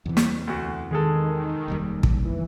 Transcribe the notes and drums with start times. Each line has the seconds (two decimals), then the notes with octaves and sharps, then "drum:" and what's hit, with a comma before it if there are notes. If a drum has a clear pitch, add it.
0.06 E2 C3 E3
0.17 drum: snare
0.47 D2 F#4
0.91 D#3 G#3 G#4 A4
1.68 F1 D#2 G3
2.03 drum: kick
2.25 E3